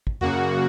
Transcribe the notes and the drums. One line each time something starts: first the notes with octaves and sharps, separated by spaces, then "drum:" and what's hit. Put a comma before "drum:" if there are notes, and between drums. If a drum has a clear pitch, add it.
drum: kick
F#2 C#3 A#3 F#4, drum: tom E2